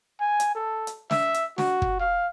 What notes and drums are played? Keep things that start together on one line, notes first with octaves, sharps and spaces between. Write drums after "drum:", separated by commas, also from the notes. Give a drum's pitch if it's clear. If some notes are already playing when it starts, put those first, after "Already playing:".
G#5
drum: hi-hat
A4
drum: hi-hat
E5, drum: snare
drum: hi-hat
F#4, drum: snare
drum: kick
F5